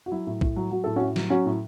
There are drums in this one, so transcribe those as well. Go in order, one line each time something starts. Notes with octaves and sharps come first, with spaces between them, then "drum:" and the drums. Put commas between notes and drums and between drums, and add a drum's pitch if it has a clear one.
F#4
F#3 E4
A2
A2, drum: kick
F#3
F#3 F#4
A2 A4
A2 C#4 F#4
F#3, drum: snare
F#3 C#4 F#4
A2